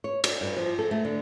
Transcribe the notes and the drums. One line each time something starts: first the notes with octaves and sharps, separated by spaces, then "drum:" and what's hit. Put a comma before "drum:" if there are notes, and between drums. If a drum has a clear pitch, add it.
C#5
D5, drum: cymbal
G2
F3
A4
A3
D3